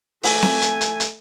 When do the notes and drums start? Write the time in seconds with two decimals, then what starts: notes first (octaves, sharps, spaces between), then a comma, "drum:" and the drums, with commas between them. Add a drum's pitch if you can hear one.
0.23 A3 G#5, drum: open hi-hat
0.42 drum: snare C4
0.62 drum: hi-hat
0.81 drum: hi-hat
1.00 drum: hi-hat